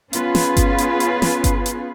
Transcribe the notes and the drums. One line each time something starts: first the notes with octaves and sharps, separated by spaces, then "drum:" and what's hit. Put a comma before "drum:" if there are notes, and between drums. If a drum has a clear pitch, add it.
B3 C#4 F4 G#4 B4, drum: hi-hat
drum: snare
drum: kick G1, hi-hat
drum: hi-hat
drum: hi-hat
drum: snare
drum: kick G1, hi-hat
drum: hi-hat